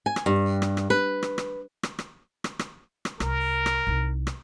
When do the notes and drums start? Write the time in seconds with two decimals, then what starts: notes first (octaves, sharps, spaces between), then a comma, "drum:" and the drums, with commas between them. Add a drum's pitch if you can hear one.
0.06 G#5
0.16 drum: rim click
0.26 G2
0.62 drum: rim click
0.77 drum: rim click
0.90 B4
1.23 drum: rim click
1.38 drum: rim click
1.83 drum: rim click
1.99 drum: rim click
2.44 drum: rim click
2.59 drum: rim click
3.05 drum: rim click
3.20 C2 A#4, drum: rim click
3.66 drum: rim click
3.87 C2 D#4
4.27 drum: rim click